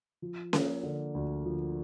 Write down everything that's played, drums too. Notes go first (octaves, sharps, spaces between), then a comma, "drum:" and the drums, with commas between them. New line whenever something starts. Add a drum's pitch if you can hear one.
F3
A#3, drum: snare C#4
D3
D2
F3